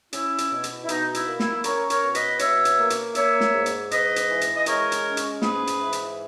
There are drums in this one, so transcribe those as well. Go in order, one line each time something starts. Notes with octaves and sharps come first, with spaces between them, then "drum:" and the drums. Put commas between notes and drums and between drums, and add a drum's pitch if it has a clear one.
C#4 E4, drum: hi-hat
drum: hi-hat
B2
drum: hi-hat
E4
B2 D#4, drum: hi-hat
E4, drum: hi-hat
A#3
E4, drum: snare
C#4 A#4 C#5, drum: hi-hat
A#4 C#5, drum: hi-hat
B2
B4 D#5, drum: hi-hat
B2 C#5 E5, drum: hi-hat
drum: hi-hat
A#3
drum: hi-hat
A#3 C#5 E5, drum: hi-hat
drum: snare
G#2
drum: hi-hat
G#2 B4 D#5, drum: hi-hat
drum: hi-hat
E3
drum: hi-hat
D#5
G#3 A#4 C#5, drum: hi-hat
drum: hi-hat
C#4
drum: hi-hat
G#2 G#4 B4, drum: snare
drum: hi-hat
E3
drum: hi-hat